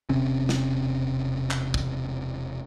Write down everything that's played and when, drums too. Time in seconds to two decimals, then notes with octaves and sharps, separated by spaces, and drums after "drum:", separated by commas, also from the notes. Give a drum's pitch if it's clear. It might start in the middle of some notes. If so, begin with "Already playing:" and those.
0.09 E1 C3 C4 C#4
0.49 drum: snare
1.51 drum: clap
1.74 drum: kick